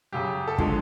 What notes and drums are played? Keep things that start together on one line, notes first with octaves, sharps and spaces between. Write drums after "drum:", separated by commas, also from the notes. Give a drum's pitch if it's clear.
F#2 C#3 F#3 G4
A4
D3 F3 G#3 G#4, drum: kick